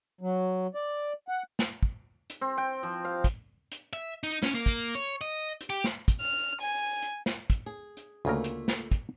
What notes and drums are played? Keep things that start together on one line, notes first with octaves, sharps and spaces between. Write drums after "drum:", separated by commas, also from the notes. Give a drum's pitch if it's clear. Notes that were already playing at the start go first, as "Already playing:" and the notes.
F#3
D5
F#5
drum: snare
drum: kick
drum: hi-hat
C4
G5
F3
F5
drum: kick, hi-hat
drum: hi-hat
E5
D#4
C#4, drum: snare
A#3
drum: kick, hi-hat
C#5
D#5
drum: hi-hat
G4
drum: snare
drum: kick, hi-hat
F6
G#5
drum: hi-hat
drum: snare
drum: kick, hi-hat
G#4
drum: hi-hat
D2 C#3 A3 A#3 F4 A#4
drum: hi-hat
drum: snare
drum: kick, hi-hat